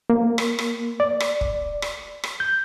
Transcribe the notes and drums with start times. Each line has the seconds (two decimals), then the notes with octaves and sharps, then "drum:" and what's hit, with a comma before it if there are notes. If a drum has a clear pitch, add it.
0.10 A#3
0.38 drum: rim click
0.59 drum: rim click
1.00 D5
1.20 drum: rim click
1.41 drum: kick
1.82 drum: rim click
2.24 drum: rim click
2.40 G6